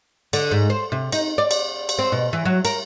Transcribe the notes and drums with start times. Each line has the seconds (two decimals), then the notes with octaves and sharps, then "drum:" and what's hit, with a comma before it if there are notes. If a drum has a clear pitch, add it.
0.33 D3, drum: cymbal
0.51 G#2
0.70 C5
0.92 C3
1.12 D#4, drum: cymbal
1.38 D5
1.51 drum: cymbal
1.89 drum: cymbal
1.99 C4
2.12 B2
2.33 E3
2.45 F#3
2.65 A#4, drum: cymbal